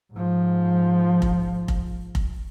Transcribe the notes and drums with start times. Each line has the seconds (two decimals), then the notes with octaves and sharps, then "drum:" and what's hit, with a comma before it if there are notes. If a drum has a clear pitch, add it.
0.13 G#2 F3
1.22 drum: kick F1
1.68 drum: kick F1
2.15 drum: kick F1